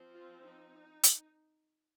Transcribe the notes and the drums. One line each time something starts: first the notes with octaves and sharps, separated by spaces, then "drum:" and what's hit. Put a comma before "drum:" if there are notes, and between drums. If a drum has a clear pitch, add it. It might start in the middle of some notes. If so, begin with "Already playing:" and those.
Already playing: F3 C4
F4
D#4
drum: hi-hat